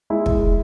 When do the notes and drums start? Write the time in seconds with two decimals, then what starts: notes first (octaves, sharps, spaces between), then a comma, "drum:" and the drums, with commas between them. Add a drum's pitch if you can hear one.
0.10 G#3 E4
0.26 drum: kick